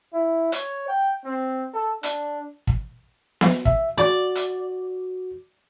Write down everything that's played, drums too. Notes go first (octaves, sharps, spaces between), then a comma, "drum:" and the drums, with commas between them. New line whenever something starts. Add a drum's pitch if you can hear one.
E4
C#5, drum: hi-hat
G5
C4
A4
D4, drum: hi-hat
drum: kick
drum: snare B3
E5, drum: kick
F#4 D5
drum: hi-hat